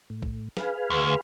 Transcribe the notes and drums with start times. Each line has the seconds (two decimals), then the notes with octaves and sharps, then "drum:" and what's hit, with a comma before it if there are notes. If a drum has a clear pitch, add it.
0.10 A2
0.22 drum: kick
0.57 G#4 B4 F5, drum: snare
0.90 D2